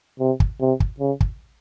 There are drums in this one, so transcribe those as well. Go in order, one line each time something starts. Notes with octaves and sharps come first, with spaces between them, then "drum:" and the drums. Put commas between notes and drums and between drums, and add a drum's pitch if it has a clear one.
C3
drum: kick
C3
drum: kick
C#3
drum: kick